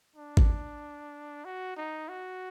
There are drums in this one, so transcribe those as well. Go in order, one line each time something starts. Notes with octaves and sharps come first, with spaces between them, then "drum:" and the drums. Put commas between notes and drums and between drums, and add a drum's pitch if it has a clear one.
D4
drum: kick G#1
F#4
D#4
F#4